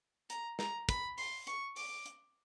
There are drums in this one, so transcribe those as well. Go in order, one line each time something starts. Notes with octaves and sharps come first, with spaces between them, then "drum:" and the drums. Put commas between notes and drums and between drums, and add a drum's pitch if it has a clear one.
A#5, drum: hi-hat
A#5, drum: snare
B5, drum: kick, hi-hat
C6, drum: open hi-hat
C#6, drum: hi-hat
D6, drum: open hi-hat
drum: hi-hat